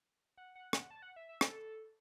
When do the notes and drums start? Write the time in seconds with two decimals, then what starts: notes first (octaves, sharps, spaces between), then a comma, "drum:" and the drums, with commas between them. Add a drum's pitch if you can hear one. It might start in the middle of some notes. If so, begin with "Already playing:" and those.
0.37 F#5
0.55 F#5
0.73 F#5, drum: rim click
0.90 A5
1.02 F#5
1.16 E5
1.29 E5
1.41 A4, drum: rim click